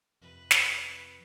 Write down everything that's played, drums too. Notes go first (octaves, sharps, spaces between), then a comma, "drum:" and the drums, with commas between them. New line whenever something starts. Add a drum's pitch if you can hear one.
F2 C3 F3 B4
drum: snare